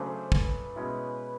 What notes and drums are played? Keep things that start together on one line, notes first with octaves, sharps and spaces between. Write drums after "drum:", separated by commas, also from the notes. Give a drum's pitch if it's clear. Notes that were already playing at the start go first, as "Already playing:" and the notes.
Already playing: C#3 F#3 A3 D4 C5
B4, drum: kick
B2 G#3 C#4 E4